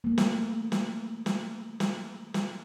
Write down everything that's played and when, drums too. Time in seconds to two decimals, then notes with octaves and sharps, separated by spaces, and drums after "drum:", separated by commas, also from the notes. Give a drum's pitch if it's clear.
0.04 A3 A#3
0.18 drum: snare
0.72 drum: snare
1.26 drum: snare
1.80 drum: snare
2.34 drum: snare